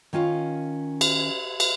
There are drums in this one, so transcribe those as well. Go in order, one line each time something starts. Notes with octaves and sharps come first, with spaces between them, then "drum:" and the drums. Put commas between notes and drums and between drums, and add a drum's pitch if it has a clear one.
D#3 C#4 F4 F5
drum: cymbal
drum: cymbal